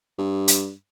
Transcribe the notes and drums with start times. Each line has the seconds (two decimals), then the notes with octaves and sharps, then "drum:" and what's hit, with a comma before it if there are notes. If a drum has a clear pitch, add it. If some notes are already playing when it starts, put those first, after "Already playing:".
0.19 G2
0.48 drum: hi-hat